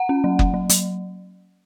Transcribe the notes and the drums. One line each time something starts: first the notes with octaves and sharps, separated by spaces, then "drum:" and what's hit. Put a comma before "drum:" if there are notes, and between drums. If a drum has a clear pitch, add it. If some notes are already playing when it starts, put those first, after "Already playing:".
Already playing: F#5
C#4
F#3
F#3, drum: kick F#1
F#3
F#3, drum: hi-hat